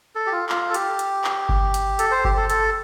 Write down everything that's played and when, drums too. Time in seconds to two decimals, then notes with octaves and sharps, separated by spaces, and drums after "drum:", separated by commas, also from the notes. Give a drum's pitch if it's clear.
0.15 A4
0.27 G4
0.32 F4
0.49 F4, drum: clap
0.70 A4
0.74 G4, drum: hi-hat
0.99 drum: hi-hat
1.24 drum: clap
1.49 drum: kick G1
1.74 drum: hi-hat
1.99 A4, drum: hi-hat
2.11 C5
2.25 G4, drum: kick G1
2.37 A4
2.50 A4, drum: hi-hat